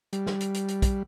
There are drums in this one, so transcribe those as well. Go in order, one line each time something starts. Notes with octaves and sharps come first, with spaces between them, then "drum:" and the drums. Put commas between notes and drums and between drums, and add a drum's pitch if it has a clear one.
G3, drum: hi-hat
drum: snare
drum: hi-hat
drum: hi-hat
drum: hi-hat
drum: kick, hi-hat